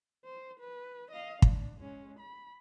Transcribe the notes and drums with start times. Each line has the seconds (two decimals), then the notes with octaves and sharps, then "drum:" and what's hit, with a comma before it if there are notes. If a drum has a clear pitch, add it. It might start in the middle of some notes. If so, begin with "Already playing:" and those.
0.24 C5
0.60 B4
1.11 D#5 F5
1.42 D4, drum: kick
1.80 G#3 C#4
2.19 B5